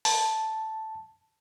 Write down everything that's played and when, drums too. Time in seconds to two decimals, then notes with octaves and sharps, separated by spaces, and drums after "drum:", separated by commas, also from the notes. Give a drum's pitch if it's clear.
0.05 A5, drum: open hi-hat